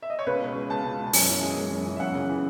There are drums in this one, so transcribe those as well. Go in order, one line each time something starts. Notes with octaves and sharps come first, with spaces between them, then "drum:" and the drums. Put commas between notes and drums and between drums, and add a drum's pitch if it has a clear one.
E5
D#5
C#5
C#2 B4
B2
G#3
C#2 A5
C#2
B2
A5
F#2 G#5, drum: open hi-hat
E3
G#3
F#2
F#2
E3
E5
F#2 F#5
C#3
E3